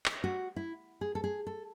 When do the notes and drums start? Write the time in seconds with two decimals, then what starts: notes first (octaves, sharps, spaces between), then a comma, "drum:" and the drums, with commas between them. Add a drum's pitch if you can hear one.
0.06 drum: clap
0.24 F#4
0.56 E4
1.01 G#4
1.15 A4
1.24 G#4
1.47 A4